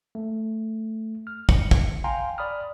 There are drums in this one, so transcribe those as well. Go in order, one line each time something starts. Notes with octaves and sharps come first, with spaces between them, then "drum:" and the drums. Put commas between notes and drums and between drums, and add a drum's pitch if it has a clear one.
A3
F6
C#7, drum: kick
drum: kick
F5 G5 G#5 A#5 C6
D5 B5 D#6 F6